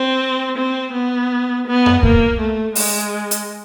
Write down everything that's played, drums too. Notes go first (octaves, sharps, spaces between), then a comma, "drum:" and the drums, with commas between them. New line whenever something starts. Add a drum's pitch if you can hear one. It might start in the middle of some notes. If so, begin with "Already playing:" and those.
Already playing: C4
C4
B3
B3
drum: tom F2
A#3, drum: kick C2
A3
G#3, drum: open hi-hat
drum: hi-hat